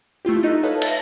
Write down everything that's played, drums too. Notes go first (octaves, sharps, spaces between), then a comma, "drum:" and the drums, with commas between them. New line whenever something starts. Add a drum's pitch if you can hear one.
A3 E4 F4 G4
A3 D#4 D#5 F#6
A4 B4 C#5 D#5 F5 A5
E5 A6 A#6, drum: cymbal